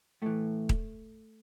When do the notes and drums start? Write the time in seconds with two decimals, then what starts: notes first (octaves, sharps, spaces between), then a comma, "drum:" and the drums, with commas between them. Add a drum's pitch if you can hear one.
0.22 A2 E3 A3
0.69 drum: kick D#1